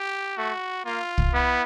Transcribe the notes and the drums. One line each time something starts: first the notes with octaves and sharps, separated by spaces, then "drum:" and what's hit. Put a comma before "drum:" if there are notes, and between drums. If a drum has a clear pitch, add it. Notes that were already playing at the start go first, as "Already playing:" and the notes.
Already playing: G4
A3 F#4
A#3 F4
drum: kick
B3 E4